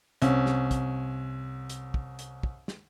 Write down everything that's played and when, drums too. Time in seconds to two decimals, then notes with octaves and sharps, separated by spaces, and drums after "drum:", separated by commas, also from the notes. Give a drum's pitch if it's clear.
0.22 C2 C#4, drum: hi-hat
0.46 drum: snare
0.71 drum: kick, hi-hat
1.69 drum: hi-hat
1.94 drum: kick
2.19 drum: hi-hat
2.43 drum: kick
2.68 drum: snare